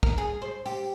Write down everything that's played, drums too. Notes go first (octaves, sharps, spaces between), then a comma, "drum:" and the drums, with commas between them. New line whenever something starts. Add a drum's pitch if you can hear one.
A#4, drum: kick
G#4
C5
G4, drum: open hi-hat